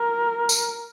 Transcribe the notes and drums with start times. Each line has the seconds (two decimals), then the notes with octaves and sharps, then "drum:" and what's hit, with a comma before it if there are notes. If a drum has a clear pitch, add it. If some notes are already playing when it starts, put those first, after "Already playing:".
Already playing: A#4
0.49 drum: tambourine